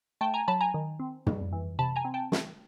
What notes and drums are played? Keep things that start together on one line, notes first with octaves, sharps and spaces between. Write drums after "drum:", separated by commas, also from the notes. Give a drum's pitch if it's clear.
A3 G5 A5
G#5 A#5
F#3 A5 B5
G#5 A#5
D#3
C4
G3, drum: tom
E3
C3 A5 B5
G#5 A#5
C4
G5 A5
A3, drum: snare